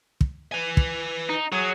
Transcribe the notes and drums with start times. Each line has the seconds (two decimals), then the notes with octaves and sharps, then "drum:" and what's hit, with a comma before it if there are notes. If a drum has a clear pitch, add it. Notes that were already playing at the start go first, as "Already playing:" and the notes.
0.21 drum: kick
0.52 B4 G#5
0.77 drum: kick
1.29 D#4
1.52 F#3 G#4